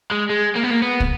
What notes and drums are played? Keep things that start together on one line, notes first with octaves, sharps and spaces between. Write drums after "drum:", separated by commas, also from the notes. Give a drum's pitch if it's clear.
G#3
G#3
A#3
B3
A#3
B3
drum: kick